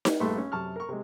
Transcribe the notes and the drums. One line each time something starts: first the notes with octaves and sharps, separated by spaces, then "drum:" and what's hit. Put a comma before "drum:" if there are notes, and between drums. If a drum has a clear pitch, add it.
drum: snare D#4
A#1 G2 A3 B4 C6 C#6
C#4
F#2 C3 A5 C#6 F6
A#4 C#6
C3 G#3